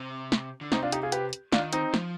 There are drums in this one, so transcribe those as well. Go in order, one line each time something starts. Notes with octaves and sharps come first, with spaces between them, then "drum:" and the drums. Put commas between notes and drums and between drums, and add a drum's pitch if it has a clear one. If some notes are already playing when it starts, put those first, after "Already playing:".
Already playing: C3
drum: snare
D3
C3 C4 D#4, drum: snare
D4 F4
D#4 G4, drum: hi-hat
F4 G#4
G4 B4, drum: hi-hat
drum: hi-hat
D#3 D4 F4, drum: snare
C4 D#4, drum: hi-hat
F3, drum: snare